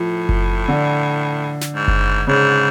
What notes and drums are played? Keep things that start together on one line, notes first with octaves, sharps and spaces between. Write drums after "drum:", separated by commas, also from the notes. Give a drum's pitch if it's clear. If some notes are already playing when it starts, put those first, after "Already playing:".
Already playing: A2 F3
drum: kick F#1
D3
drum: snare
G#2
drum: kick F#1
G#2 C#3